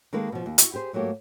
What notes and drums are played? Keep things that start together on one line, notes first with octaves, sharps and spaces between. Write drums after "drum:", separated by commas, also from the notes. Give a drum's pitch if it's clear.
D#3 G#3 A#3 A4 B4
B2 F3
D#2
E4 F#4, drum: hi-hat
G4 G#4 C5
G#2 F#3 A3 A#3 G4